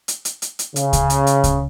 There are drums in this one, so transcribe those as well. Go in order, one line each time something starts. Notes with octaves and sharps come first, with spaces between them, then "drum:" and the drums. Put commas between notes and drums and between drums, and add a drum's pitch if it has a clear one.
drum: hi-hat
drum: hi-hat
drum: hi-hat
drum: hi-hat
C#3, drum: hi-hat
drum: kick C#2, hi-hat
drum: hi-hat
drum: hi-hat
drum: kick C#2, hi-hat